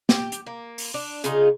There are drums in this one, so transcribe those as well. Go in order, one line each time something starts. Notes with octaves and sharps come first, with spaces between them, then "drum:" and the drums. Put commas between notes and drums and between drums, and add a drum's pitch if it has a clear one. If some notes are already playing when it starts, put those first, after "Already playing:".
G4, drum: snare
drum: hi-hat
A#3
drum: open hi-hat
D4
C#3 D#4 F4 G#4, drum: hi-hat